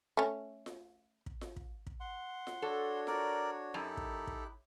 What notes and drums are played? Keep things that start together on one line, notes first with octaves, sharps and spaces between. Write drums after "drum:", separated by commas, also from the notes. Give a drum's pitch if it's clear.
A3 C#4
drum: snare F4
drum: kick
drum: snare F4
drum: kick
drum: kick
F#5 C6
drum: snare F4
D4 F#4 A4 C#5
A#4 D5, drum: snare F4
F#2 D#4 E4 G4 A4 F#6
drum: kick
drum: kick